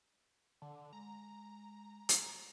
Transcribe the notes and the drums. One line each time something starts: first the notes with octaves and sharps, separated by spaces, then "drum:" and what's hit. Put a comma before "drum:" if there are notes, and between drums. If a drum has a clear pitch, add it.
D3
G#3 A#5
drum: hi-hat